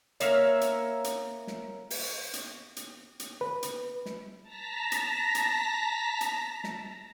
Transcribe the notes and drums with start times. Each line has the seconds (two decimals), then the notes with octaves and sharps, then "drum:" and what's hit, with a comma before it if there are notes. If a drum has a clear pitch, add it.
0.20 A#3 A#4 C#5 E5, drum: hi-hat
0.61 drum: hi-hat
1.04 drum: hi-hat
1.47 drum: snare
1.90 drum: open hi-hat
2.33 drum: hi-hat
2.77 drum: hi-hat
3.20 drum: hi-hat
3.41 B4
3.63 drum: hi-hat
4.06 drum: snare
4.42 A5 A#5 A#6 B6
4.92 drum: hi-hat
5.35 drum: hi-hat
6.21 drum: hi-hat
6.64 drum: snare